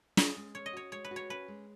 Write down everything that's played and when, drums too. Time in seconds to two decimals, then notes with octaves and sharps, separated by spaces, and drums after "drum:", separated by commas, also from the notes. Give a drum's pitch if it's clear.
0.17 C#4 D#5, drum: snare
0.37 G#3
0.55 C#4 C#5
0.66 D#5
0.73 F#4 C#5
0.92 G#3 C#5
1.05 B4
1.11 F#4
1.16 C#5
1.29 C#4 B4
1.48 G#3